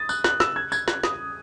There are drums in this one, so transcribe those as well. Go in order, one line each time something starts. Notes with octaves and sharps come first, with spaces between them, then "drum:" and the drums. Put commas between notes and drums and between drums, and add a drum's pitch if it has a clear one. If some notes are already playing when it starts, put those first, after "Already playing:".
Already playing: D#6 A6
F#6, drum: tambourine
F#6, drum: snare
E6, drum: snare
G#6
G#6, drum: tambourine
F#6, drum: snare
D#6, drum: snare